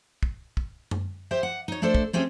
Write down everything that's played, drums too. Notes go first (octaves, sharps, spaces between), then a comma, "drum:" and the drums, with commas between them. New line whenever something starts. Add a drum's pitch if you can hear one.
drum: kick
drum: kick
drum: tom F#2
G4 C5 E5
F#5
D#4 C#5
A3 D4 A4 C5 D5
drum: kick
A3 C4 C#4 G4 G#4